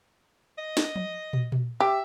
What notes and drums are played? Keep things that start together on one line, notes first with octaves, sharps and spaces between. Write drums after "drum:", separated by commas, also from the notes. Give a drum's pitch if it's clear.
D#5
drum: snare
drum: tom F3
drum: tom
drum: tom A#2
G4 E5